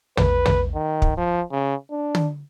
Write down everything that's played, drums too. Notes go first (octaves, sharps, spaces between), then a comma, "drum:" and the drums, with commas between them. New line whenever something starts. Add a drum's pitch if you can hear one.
B4, drum: tom
drum: tom
D#3
drum: kick
F3
C#3
D4
drum: tom